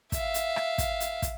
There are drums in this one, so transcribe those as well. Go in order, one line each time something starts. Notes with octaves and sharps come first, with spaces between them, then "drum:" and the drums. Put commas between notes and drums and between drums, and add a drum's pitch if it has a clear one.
E5 F5, drum: kick, hi-hat
drum: hi-hat
drum: rim click
drum: kick, hi-hat
drum: hi-hat
drum: kick, hi-hat